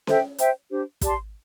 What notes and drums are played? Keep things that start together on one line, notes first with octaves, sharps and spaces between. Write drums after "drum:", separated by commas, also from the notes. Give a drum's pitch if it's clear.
A4 C5 E5 G5, drum: snare C#4
C5 E5 G5, drum: hi-hat
D4 G4 C5
G4 D5 A5 C6, drum: kick, hi-hat